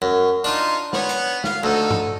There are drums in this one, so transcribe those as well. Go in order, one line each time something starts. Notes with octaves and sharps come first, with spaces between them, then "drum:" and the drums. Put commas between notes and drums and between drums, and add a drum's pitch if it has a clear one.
F#2
D4 D#4 F4
B3 C#5 F#5, drum: snare
drum: hi-hat
F5, drum: snare
D2 D#4 A4
drum: tom